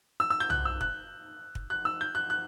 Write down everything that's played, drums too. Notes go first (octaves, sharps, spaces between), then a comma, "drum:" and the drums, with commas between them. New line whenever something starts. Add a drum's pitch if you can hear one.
E6
E6
G6
F#6, drum: tom
E6
F#6, drum: kick
drum: kick
F#6
E6
G6
F#6
F#6